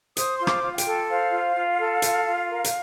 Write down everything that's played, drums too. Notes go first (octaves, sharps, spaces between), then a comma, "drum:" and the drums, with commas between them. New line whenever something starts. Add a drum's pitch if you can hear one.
C5 D#6, drum: hi-hat
F4 C6
D6, drum: rim click
F4
F5
G5, drum: hi-hat
A4
C5 F5
F4
F4
A4
F4, drum: hi-hat
F4
A#4
drum: hi-hat